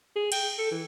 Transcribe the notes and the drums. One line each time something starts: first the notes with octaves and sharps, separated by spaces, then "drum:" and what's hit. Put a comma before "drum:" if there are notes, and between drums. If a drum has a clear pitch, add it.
G#4
G5, drum: cymbal
A4
E3